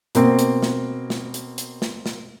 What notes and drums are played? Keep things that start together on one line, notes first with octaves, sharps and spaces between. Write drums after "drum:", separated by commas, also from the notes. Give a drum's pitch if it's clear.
B2 A#3 C4, drum: hi-hat
drum: hi-hat
drum: snare
drum: snare
drum: hi-hat
drum: hi-hat
drum: snare
drum: snare